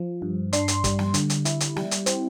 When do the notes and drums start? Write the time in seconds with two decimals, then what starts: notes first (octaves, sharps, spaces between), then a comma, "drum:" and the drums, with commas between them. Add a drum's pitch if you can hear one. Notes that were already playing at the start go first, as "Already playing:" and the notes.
Already playing: F3
0.22 G2
0.53 D4 C6, drum: hi-hat
0.68 drum: hi-hat
0.84 G3, drum: kick, hi-hat
0.99 drum: snare
1.14 D3, drum: hi-hat
1.30 drum: hi-hat
1.45 E4, drum: hi-hat
1.60 drum: hi-hat
1.76 G3, drum: snare
1.91 drum: hi-hat
2.06 C4, drum: hi-hat